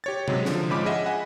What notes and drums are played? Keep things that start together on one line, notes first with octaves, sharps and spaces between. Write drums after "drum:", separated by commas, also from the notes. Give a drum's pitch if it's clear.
G4 C#5 A6
C3 F#3 G#3, drum: tom C3
D3 F3, drum: snare
G#2 F3 G#3 C#4 B5 D6
G#4 D#5 E5 F#5
F#5 G#5 B5